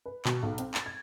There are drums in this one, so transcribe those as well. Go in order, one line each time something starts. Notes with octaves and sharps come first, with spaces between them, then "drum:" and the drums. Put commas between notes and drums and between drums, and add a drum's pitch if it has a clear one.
B4
B2, drum: clap
B1
C4, drum: hi-hat
A6, drum: clap
G#6